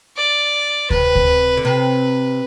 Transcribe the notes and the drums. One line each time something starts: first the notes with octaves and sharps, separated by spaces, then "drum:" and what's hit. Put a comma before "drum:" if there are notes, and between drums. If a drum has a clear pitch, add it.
D5
C3 B4, drum: kick D2
drum: kick D2
D3
C3 B4